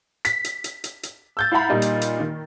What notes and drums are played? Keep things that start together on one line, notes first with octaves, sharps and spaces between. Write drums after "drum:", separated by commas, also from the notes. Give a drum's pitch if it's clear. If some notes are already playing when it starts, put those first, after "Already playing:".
B6, drum: hi-hat
drum: hi-hat
drum: hi-hat
drum: hi-hat
drum: hi-hat
E6 G6 A6
E4 F5 F#5 A#5 B5
A#2 G3 D#4 F4
drum: hi-hat
drum: hi-hat
D#3